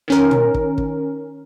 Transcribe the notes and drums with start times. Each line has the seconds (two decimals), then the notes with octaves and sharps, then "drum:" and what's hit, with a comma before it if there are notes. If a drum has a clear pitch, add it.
0.08 D#3 C#4 A#4
0.31 drum: tom
0.54 drum: kick
0.78 drum: kick